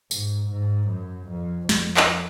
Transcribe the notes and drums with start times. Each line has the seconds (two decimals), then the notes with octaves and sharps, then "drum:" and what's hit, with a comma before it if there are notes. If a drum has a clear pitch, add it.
0.11 G#2, drum: tambourine
0.50 G#2
0.89 F#2
1.30 F2
1.69 F2, drum: snare
1.97 drum: clap